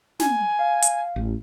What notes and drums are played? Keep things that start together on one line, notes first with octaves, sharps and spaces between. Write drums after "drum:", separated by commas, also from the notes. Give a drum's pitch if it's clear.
G#5, drum: snare
F5
drum: hi-hat
A1